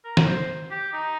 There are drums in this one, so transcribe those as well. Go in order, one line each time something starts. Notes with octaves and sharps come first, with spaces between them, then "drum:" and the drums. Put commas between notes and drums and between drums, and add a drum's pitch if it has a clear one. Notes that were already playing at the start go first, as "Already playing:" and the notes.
A#4
A#4, drum: snare
C5
G4
D#4